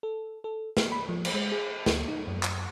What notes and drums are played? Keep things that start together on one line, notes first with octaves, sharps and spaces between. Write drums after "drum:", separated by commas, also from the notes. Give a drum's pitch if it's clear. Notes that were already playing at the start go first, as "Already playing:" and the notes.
A4
A4
F6, drum: snare
B5
F3
drum: cymbal
G#3
G#4
D2, drum: snare
D#4
F#2
drum: clap